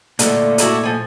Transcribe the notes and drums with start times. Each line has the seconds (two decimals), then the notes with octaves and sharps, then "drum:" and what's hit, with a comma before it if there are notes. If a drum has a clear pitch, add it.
0.19 A#2 D3 A3 F5, drum: hi-hat
0.58 D4 E4 F#4, drum: hi-hat
0.84 F3 G#5